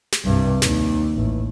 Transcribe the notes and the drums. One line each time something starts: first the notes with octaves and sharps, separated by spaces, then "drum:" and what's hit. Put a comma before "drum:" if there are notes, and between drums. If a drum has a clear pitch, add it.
drum: snare
C2 G2
D#2, drum: snare
A1